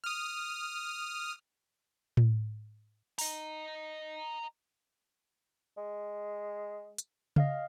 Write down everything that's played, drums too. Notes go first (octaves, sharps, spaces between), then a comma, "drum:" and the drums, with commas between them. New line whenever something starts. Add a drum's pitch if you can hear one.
D#6 F6
drum: tom A2
D#5 A#5, drum: open hi-hat
G#3
drum: hi-hat
D#5 F5 F6, drum: tom C#3